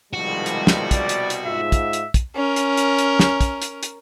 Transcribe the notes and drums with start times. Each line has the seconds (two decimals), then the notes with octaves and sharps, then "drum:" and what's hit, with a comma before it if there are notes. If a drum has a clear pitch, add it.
0.13 C2 B2 D#3 F3 G3 G#3 F#4
0.46 drum: hi-hat
0.67 drum: snare
0.91 D5, drum: kick, hi-hat
1.09 drum: hi-hat
1.30 drum: hi-hat
1.45 G#2 F4 E5
1.72 drum: kick, hi-hat
1.93 drum: hi-hat
2.14 drum: kick, hi-hat
2.35 C#4 A#4
2.56 drum: hi-hat
2.77 drum: hi-hat
2.98 drum: hi-hat
3.20 drum: snare
3.41 drum: kick, hi-hat
3.62 drum: hi-hat
3.83 drum: hi-hat